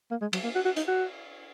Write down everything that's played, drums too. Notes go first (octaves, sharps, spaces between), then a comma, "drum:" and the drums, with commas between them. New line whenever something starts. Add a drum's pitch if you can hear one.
A#3
G#3
F#3, drum: cymbal
A#3
F#4
F#4
D#4, drum: hi-hat
F#4